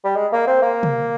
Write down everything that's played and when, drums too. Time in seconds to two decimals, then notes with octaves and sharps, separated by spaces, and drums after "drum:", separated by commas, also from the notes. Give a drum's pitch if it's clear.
0.04 G3
0.16 G#3
0.32 A#3
0.47 C4
0.62 A#3
0.83 drum: tom